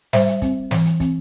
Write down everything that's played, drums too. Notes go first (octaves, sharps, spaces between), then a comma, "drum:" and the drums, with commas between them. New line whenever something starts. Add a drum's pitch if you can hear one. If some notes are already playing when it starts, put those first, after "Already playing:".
G3 C5 E5, drum: snare
drum: hi-hat
C4, drum: kick, hi-hat
E3, drum: snare
drum: hi-hat
C4, drum: kick, hi-hat